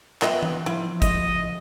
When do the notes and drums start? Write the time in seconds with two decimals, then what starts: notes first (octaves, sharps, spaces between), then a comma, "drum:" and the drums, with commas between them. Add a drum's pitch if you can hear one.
0.22 B3 F4 D#5 E5 G5, drum: clap
0.43 drum: tom E3
0.66 F3 E4
1.02 D#5, drum: kick, hi-hat